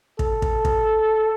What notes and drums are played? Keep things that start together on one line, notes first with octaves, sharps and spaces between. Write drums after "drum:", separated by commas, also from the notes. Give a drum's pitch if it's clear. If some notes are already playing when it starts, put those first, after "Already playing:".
A4, drum: kick
drum: kick
drum: kick